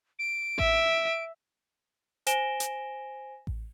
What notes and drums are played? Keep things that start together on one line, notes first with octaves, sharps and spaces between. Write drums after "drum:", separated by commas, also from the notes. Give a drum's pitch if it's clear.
D7
E5, drum: kick A1
C5 G#5 A#6 D7 E7 G7, drum: hi-hat
drum: hi-hat
drum: kick A1